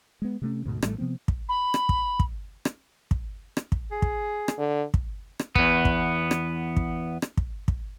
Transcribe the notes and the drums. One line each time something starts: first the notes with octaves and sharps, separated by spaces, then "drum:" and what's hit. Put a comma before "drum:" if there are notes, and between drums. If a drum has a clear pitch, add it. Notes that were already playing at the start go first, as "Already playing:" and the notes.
G#3 B3
C3 A3 C#4
D2 G#2 B2
A1 A2 G3 A3, drum: rim click
C3 F3 B3 C4
drum: kick
B5
drum: rim click
drum: kick
drum: kick
drum: rim click
drum: kick
drum: rim click
drum: kick
G#4
drum: kick
drum: rim click
D3
drum: kick
drum: rim click
E2 B3, drum: kick
drum: kick
drum: rim click
drum: kick
drum: rim click
drum: kick
drum: kick